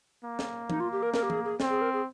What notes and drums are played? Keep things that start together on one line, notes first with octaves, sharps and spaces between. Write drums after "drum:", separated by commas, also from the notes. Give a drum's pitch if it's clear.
A#3
drum: snare
D#4, drum: tom E3
F4
G4
A#4
A#4, drum: snare
G4
G#4, drum: tom E3
G#4
C4, drum: snare
G#4
A#4
G#4